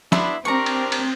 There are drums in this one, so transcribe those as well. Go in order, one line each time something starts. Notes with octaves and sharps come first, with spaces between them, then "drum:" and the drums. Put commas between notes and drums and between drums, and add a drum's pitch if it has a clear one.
B3 D4 E4 E5 B5 C6, drum: snare
C4 D4 G4 A#4 A#5 C#6
drum: cymbal
drum: cymbal